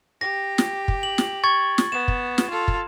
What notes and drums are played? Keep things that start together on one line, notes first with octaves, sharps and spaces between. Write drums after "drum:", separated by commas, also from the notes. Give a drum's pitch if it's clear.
G4 A#6
drum: snare
drum: kick
F#7
drum: snare
C#6 G#6 A6
drum: snare
B3 E7
drum: kick
drum: snare
F4 A4
drum: kick